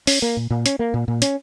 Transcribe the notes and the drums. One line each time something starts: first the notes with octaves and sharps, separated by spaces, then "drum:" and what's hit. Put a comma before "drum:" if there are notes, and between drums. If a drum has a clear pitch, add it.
C#4, drum: open hi-hat
A#3
A#2
A#2
C#4, drum: hi-hat
A#3
A#2
A#2
C#4, drum: hi-hat